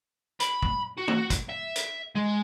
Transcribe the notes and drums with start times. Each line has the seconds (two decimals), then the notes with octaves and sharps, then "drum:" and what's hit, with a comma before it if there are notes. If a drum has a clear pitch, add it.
0.40 B5, drum: hi-hat
0.63 drum: kick
0.98 F#4
1.08 drum: tom
1.30 drum: kick, hi-hat
1.50 E5
1.76 drum: hi-hat
2.15 G#3